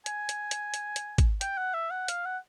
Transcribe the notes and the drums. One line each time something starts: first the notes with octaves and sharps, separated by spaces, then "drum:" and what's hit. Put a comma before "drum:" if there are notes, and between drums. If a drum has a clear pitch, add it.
G#5, drum: hi-hat
drum: hi-hat
drum: hi-hat
drum: hi-hat
drum: hi-hat
drum: kick, hi-hat
G5, drum: hi-hat
F#5
E5
F#5
F5, drum: hi-hat
F#5